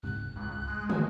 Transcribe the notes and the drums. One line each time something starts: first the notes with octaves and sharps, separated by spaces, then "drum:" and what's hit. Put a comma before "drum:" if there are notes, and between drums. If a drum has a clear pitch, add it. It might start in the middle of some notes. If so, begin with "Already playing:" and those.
F#1 G#2 C3 F#6
C#2
G#3
F#4, drum: tom